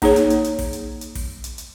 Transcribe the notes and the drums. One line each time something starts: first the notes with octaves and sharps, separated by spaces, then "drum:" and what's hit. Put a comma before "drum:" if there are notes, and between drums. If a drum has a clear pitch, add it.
A#3 D#4 G#4 C#5, drum: kick, open hi-hat
drum: hi-hat
drum: hi-hat
drum: hi-hat
drum: kick, open hi-hat
drum: hi-hat
drum: hi-hat
drum: kick, open hi-hat
drum: hi-hat
drum: hi-hat